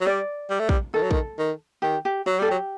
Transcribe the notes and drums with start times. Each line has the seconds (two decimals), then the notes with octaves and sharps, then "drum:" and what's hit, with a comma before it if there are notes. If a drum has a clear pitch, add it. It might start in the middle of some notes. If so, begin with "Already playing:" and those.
0.01 F#3
0.06 G3 D5
0.50 G3
0.59 A3
0.69 G3, drum: kick
0.94 D#3 A4
1.02 F#3
1.11 D#3, drum: kick
1.38 D#3
1.82 D#3 G4
2.05 G4
2.26 F#3 F#4
2.39 G3 A4
2.48 F#3 G4